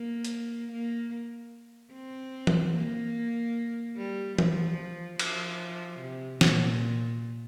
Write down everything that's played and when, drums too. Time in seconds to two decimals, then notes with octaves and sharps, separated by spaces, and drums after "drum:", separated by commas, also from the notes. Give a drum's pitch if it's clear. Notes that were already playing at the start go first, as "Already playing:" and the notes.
Already playing: A#3
0.24 drum: hi-hat
0.72 A#3
1.93 C4
2.47 drum: tom E3
2.75 A#3
3.97 G3
4.38 F3, drum: tom E3
5.19 F3, drum: cymbal
6.00 C3
6.41 A#2, drum: snare